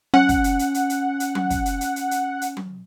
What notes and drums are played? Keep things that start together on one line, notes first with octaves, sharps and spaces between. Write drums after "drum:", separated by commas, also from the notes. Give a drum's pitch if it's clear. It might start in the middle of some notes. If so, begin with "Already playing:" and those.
C#4 F#5, drum: tom F#3
drum: kick, hi-hat
drum: hi-hat
drum: hi-hat
drum: hi-hat
drum: hi-hat
drum: hi-hat
drum: tom F#3
drum: kick, hi-hat
drum: hi-hat
drum: hi-hat
drum: hi-hat
drum: hi-hat
drum: hi-hat
drum: tom F#3